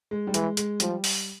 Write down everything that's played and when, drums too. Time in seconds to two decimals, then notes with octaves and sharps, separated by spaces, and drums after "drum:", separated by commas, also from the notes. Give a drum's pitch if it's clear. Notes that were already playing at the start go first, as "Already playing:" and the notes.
0.11 G#3
0.27 G3
0.34 E3 G#3, drum: hi-hat
0.57 G#3, drum: hi-hat
0.80 F3 G3, drum: hi-hat
1.04 drum: open hi-hat